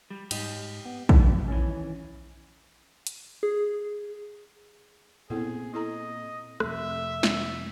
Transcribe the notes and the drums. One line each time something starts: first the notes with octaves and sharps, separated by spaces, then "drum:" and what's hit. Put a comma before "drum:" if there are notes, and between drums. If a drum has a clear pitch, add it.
G3
G#2 G4 D#5, drum: cymbal
B3
D#3, drum: kick
D#3 E3 C#4
drum: hi-hat
G#4
A#2 B3 C4 E4 G#4 A4
E4 A4 D#5 A#5
F2 C3 A3 E5, drum: rim click
drum: snare